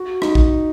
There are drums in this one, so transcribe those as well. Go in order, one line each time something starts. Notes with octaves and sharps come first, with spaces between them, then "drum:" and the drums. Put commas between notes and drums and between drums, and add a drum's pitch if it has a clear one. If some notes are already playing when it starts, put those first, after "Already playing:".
Already playing: F#4
D#4, drum: rim click
drum: kick A#1